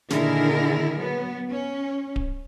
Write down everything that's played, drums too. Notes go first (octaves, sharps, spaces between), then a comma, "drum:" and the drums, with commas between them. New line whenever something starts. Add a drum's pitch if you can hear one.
A#2 D3 D#3 E4 G#4 A#4, drum: snare
F#3 B3
C#4
drum: kick D1